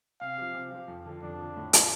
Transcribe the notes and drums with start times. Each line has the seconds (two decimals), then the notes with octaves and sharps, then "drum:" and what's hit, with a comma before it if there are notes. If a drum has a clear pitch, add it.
0.21 C3 F5
0.38 F3 C4 G4
0.54 C3
0.71 F3 C4 G4
0.88 F2
1.06 D3 F3
1.22 F2 D4
1.39 D3 F3
1.56 A2
1.73 A3 F4, drum: hi-hat